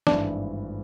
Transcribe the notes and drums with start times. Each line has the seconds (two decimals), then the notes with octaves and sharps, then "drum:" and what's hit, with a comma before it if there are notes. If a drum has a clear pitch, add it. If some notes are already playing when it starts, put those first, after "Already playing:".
0.07 G#1 G2 E3 A3 D4, drum: snare